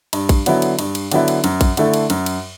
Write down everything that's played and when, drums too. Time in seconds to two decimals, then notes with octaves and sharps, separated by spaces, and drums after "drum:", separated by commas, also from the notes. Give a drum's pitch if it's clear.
0.13 G2, drum: cymbal
0.29 drum: kick A#1, cymbal
0.46 D3 F#3 B3 E4, drum: cymbal
0.62 drum: cymbal
0.79 G2, drum: cymbal
0.95 drum: cymbal
1.11 D3 F#3 B3 E4, drum: cymbal
1.28 drum: cymbal
1.44 F#2, drum: cymbal
1.61 drum: kick A#1, cymbal
1.77 D3 A3 E4 A4, drum: cymbal
1.94 drum: cymbal
2.10 F#2, drum: cymbal
2.26 drum: cymbal